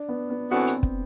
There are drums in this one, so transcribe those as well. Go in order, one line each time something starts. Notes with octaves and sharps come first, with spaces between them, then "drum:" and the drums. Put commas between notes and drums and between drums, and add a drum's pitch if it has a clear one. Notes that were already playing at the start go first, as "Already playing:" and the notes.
Already playing: D4
B3
B3
A2 E3 B3 C4 D4 F#4
drum: hi-hat
drum: kick